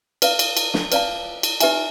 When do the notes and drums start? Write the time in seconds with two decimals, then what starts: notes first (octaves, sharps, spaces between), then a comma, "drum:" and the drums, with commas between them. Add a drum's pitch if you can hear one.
0.22 B4 D5 F5, drum: cymbal
0.39 drum: cymbal
0.57 drum: cymbal
0.74 drum: snare
0.92 B4 D5 F5 A5, drum: cymbal
1.43 drum: cymbal
1.61 D#4 G4 B4 E5 G#5, drum: cymbal